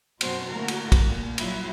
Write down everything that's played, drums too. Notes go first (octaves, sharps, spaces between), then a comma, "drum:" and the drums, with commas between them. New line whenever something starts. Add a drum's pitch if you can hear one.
F#2 B2 C4 F#4 C5, drum: cymbal
D3 A3 A#3 E4 F#4 A#4
drum: cymbal
drum: kick, cymbal
A#2
F#3 G3 E4 F4, drum: cymbal